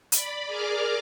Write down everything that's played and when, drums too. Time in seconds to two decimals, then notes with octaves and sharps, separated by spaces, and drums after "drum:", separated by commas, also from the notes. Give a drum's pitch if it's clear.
0.12 D5 B5, drum: hi-hat
0.47 G#4 A#4 D5 D6 F6